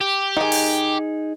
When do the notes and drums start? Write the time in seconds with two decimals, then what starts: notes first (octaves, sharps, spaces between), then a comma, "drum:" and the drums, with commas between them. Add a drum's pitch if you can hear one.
0.01 G4
0.37 D#3 D#4 G#4 G#5
0.52 drum: open hi-hat